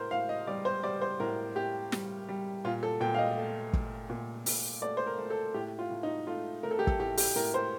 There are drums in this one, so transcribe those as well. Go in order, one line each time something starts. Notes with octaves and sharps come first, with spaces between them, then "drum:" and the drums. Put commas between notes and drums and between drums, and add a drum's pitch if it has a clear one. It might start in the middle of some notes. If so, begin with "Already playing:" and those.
Already playing: A2 A#4 C5
A2 F5
D#5
G3 D5
C5
G3 D5
C5
A2 A#4
A2 G4
G3, drum: snare
G3
A#2 F4
A4
A#2 G5
F5
D#5
A3
A3, drum: kick
A#2
A#2, drum: open hi-hat
A3 D5
C5
A#4
A3
A4
A2 G4
F4
A2
D#4
A3 F4
A3 A#4
A4
G4
A4, drum: kick
A2 G4
G4, drum: open hi-hat
A2 A#4
C5